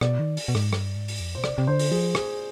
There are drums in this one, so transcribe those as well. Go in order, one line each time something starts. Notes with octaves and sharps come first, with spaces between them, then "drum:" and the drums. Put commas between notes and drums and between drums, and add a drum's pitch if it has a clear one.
B2 D5, drum: rim click
D#3
drum: open hi-hat
B2
G#2, drum: rim click
G2, drum: rim click
G#2
drum: open hi-hat
F2
B2 C5
C3 D5, drum: rim click
C3
D3 C5
drum: open hi-hat
F3 G#4
G#4, drum: rim click